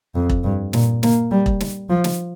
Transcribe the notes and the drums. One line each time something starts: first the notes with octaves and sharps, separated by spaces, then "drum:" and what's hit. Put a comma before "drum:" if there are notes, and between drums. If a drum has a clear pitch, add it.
F2
drum: kick E1
G2
A#2, drum: snare
A#3, drum: snare
G3
drum: kick E1
drum: snare
F3
drum: snare